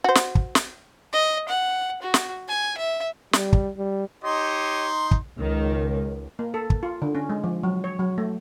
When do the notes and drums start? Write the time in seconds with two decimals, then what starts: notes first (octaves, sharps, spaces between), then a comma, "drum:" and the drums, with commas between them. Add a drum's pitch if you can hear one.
0.04 F#4 C5
0.15 drum: snare
0.35 drum: kick
0.55 drum: snare
1.13 D#5
1.48 F#5
2.02 F#4
2.14 drum: snare
2.48 G#5
2.78 E5
3.33 G3, drum: snare
3.53 drum: kick
3.77 G3
4.24 D#4 G4 C#5 D#5 C6
5.11 drum: kick
5.38 C#2 D#3
6.39 A#3
6.54 A4
6.70 drum: kick
6.83 F4
7.02 D3
7.15 C#4
7.29 G#3
7.44 F3
7.63 F#3
7.84 C#5
7.99 F#3
8.18 A3